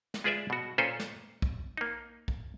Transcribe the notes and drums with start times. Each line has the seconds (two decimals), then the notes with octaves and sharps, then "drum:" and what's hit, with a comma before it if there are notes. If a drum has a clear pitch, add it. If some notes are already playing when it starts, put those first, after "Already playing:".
0.14 drum: snare
0.24 G#3 F4 G#4 B4 D5 E5
0.50 B2 F#4
0.78 A#2 C#4 A4 B4 C5
1.00 drum: snare
1.42 drum: kick B1
1.77 A#3 D#4
2.28 drum: kick B1